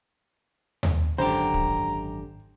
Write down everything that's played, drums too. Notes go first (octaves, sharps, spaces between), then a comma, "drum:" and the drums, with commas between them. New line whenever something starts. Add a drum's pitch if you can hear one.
drum: tom D#2
G#1 F#2 D3 C#4 G4 C5 A#5
drum: kick